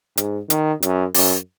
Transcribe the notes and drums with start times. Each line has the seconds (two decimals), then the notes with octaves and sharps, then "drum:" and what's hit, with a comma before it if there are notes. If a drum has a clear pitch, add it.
0.17 G#2, drum: hi-hat
0.50 D#3, drum: hi-hat
0.83 F#2, drum: hi-hat
1.14 F#2, drum: open hi-hat